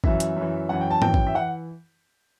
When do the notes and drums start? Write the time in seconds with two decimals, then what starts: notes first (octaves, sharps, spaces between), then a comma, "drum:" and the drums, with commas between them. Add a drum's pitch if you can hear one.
0.04 F#2 E3 E5, drum: kick
0.20 drum: hi-hat
0.36 F#2 E3
0.69 F#2 E3 F#5
0.81 G5
0.91 A5
1.02 F#2 E3 G5, drum: tom G#2
1.14 drum: kick
1.27 E5
1.34 E3 F#5